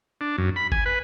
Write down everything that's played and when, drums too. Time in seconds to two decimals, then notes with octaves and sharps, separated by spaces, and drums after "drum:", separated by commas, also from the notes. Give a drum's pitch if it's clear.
0.21 D4
0.38 F#2
0.56 B5
0.72 G#5, drum: kick G1
0.86 B4